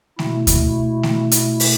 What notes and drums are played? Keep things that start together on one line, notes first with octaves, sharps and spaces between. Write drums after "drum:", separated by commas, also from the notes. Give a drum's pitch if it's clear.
B2 A3 E4, drum: snare A3
drum: kick D2, hi-hat
drum: snare A3
drum: hi-hat
drum: open hi-hat